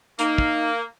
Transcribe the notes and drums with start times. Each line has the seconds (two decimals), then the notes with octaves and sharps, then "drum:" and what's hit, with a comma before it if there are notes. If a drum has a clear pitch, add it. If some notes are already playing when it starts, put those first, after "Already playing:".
0.19 A#3 D#4, drum: hi-hat
0.38 drum: kick